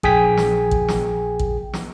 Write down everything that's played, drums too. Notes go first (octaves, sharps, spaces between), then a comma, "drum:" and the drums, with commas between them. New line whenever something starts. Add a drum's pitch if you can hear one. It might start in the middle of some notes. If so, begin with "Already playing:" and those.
A#1 G#4 G5 G#5 B6, drum: kick
drum: snare
drum: kick
drum: snare
drum: kick
drum: snare